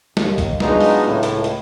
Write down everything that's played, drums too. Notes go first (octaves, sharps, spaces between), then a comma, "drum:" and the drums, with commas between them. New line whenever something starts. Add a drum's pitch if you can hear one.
D#2, drum: snare
drum: kick, hi-hat
F#3 G#3 B3 D4 D#4 F4, drum: snare
drum: open hi-hat
C#2 A2
drum: hi-hat
drum: hi-hat